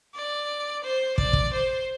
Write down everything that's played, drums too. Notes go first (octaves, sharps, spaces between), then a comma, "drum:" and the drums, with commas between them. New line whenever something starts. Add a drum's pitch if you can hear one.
D5
C5
D5, drum: kick
drum: kick
C5